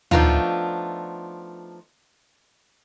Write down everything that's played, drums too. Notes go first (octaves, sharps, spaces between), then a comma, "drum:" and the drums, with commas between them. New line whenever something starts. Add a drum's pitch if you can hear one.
F3 A3 B3 D4 D#4 F4, drum: tom